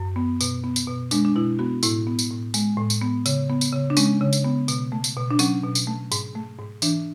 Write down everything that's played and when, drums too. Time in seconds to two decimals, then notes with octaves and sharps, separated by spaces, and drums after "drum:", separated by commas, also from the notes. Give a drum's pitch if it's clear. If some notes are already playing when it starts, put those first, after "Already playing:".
Already playing: F#2
0.16 B3
0.41 B2, drum: tambourine
0.64 B3
0.76 drum: tambourine
0.87 B2
1.11 G#3 D4, drum: tambourine
1.25 D4
1.36 B2 E4
1.59 B3 F#4
1.83 A2 E4, drum: tambourine
2.07 B3
2.19 drum: tambourine
2.31 A2
2.54 G#3, drum: tambourine
2.78 A2
2.90 drum: tambourine
3.01 B3
3.26 C#3, drum: tambourine
3.50 B3
3.61 drum: tambourine
3.73 C#3
3.90 D4
3.97 G#3 C#4, drum: tambourine
4.21 C#3
4.33 drum: tambourine
4.44 B3
4.68 B2, drum: tambourine
4.92 A3
5.04 drum: tambourine
5.16 B2
5.31 D4
5.39 F#3 C#4, drum: tambourine
5.63 B2
5.75 drum: tambourine
5.87 A3
6.12 G#2, drum: tambourine
6.35 A3
6.59 G#2
6.82 E3 D4, drum: tambourine